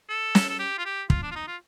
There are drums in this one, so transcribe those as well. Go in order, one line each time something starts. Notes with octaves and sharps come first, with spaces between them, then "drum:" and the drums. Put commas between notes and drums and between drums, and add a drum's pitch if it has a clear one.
A4
drum: snare
A4
G4
F4
G4
F4, drum: kick
D4
F4
D#4
F4